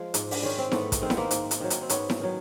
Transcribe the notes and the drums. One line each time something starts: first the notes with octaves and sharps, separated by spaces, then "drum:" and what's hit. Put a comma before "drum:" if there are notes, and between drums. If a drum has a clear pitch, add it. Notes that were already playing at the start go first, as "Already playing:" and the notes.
Already playing: F3 G#3
G#2, drum: hi-hat
D4, drum: open hi-hat
D#3 G#3 C#4
C4
G#2 A3 B3, drum: snare E4
drum: kick, hi-hat
D#3 G#3 C4
B3, drum: snare E4
A#3 C4
G#2, drum: hi-hat
drum: hi-hat
D#3 F#3
drum: hi-hat
C4
G#2 B3 C#4, drum: hi-hat
drum: snare E4
D#3 F#3